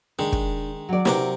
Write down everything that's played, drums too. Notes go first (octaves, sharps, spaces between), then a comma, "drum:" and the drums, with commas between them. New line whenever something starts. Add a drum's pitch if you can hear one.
D#3 G#3 D4
drum: kick
F#3 D5
C3 A#4 D6, drum: snare